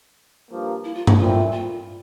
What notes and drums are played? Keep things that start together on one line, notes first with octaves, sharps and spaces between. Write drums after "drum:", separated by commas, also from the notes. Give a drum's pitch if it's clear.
G2 F3 A#3
E4
F4
E4, drum: tom G2
A#2 A3 C4 E4 F4
F4